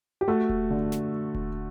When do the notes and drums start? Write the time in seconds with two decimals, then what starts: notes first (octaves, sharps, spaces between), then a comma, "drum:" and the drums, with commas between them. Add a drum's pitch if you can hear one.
0.21 G4
0.28 A3 F#4 A4
0.49 drum: kick D#1
0.70 D3
0.92 drum: snare
1.35 drum: kick D#1